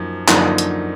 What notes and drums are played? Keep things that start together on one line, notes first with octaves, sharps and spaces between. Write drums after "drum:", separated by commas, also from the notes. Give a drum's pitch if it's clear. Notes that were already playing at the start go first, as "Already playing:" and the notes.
Already playing: F#2 F3 A#3 D#4
F#2 D3 F3 A#3 D#4, drum: clap
drum: hi-hat